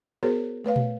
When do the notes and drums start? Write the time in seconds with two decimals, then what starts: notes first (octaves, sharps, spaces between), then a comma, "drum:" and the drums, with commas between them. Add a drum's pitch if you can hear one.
0.23 B3 F#4 G#4 A#4 C5 C#5
0.64 A3 B4 C#5 F5
0.76 drum: tom A#2